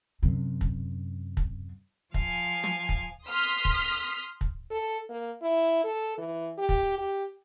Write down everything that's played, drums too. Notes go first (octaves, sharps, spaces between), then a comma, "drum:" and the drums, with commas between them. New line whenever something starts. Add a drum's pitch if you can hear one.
F#2 C3
drum: kick
drum: kick
F3 F5 G#5, drum: kick
drum: tom
drum: kick
C6 D#6 F6 B6
drum: kick
drum: kick
A4
A#3
E4
A4
E3
G4
drum: kick
G4